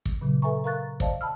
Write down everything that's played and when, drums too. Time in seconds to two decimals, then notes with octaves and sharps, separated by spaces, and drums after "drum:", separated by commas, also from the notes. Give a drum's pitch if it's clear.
0.06 drum: kick
0.21 A#2 C#3 F#3
0.42 A4 B4 E5 G#5 A#5 C#6
0.64 A#4 F5 A#5 C#6 F#6 A6
1.00 C5 D5 D#5 F5 A5, drum: kick
1.21 A5 B5 E6 F6